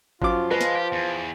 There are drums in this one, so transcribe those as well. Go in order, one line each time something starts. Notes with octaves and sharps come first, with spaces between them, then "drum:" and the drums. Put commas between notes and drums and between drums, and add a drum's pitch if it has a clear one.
F#2 F3 F4 D6, drum: kick G#1
G#3 B4
drum: snare
G4
E2